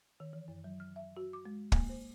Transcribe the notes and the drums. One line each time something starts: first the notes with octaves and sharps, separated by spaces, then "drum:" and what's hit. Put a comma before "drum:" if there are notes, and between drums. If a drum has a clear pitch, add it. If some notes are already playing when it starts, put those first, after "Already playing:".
D#3
E3
F#2
F#3
F6
E5
F#4
D6
G#3
A#3, drum: kick
C5